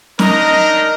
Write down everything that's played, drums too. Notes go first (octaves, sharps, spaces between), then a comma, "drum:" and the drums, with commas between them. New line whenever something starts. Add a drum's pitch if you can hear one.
D4 D#4 A#4 D#5 A#5, drum: snare